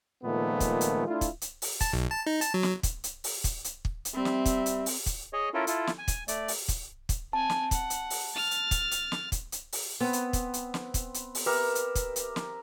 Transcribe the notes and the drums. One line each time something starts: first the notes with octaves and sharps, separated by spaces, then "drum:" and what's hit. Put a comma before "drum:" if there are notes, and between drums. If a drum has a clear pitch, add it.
A#2 D#3 F3 G#3 A3 B3
drum: kick, hi-hat
drum: hi-hat
A3 D4 E4 F4
drum: kick, hi-hat
drum: hi-hat
drum: open hi-hat
A5, drum: kick, hi-hat
B1
A5
D#4
A5, drum: hi-hat
F#3
drum: snare
drum: kick, hi-hat
drum: hi-hat
drum: open hi-hat
drum: kick, hi-hat
drum: hi-hat
drum: kick
drum: hi-hat
G3 C4 E5
drum: snare
drum: kick, hi-hat
drum: hi-hat
drum: open hi-hat
drum: kick, hi-hat
G#4 C#5 D#5
C#4 E4 F4 A4 A#4
E4 F4 A4, drum: hi-hat
drum: snare
G#5
drum: kick, hi-hat
A3 D5, drum: hi-hat
drum: open hi-hat
drum: kick, hi-hat
drum: kick, hi-hat
C4 G#5 A5
drum: snare
F#5, drum: kick, hi-hat
drum: hi-hat
drum: open hi-hat
F6 A6
drum: hi-hat
drum: kick, hi-hat
drum: hi-hat
drum: snare
drum: kick, hi-hat
drum: hi-hat
drum: open hi-hat
B3 C4 B4
drum: hi-hat
drum: kick, hi-hat
drum: hi-hat
drum: snare
drum: kick, hi-hat
drum: hi-hat
drum: open hi-hat
G4 A#4 B4 E5
drum: hi-hat
drum: kick, hi-hat
drum: hi-hat
drum: snare